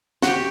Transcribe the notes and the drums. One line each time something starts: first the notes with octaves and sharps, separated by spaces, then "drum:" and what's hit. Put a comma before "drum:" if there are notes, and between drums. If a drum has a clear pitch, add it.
F#4 G4, drum: snare